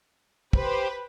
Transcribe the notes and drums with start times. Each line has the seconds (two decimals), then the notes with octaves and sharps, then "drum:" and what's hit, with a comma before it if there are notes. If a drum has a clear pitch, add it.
0.53 G4 B4 C5, drum: kick